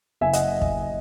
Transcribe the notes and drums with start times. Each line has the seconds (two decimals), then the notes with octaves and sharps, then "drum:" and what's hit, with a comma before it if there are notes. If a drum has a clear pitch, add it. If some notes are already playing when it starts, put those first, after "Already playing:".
0.21 F#1 E5 G#5
0.33 D#5 F#5, drum: hi-hat
0.62 drum: kick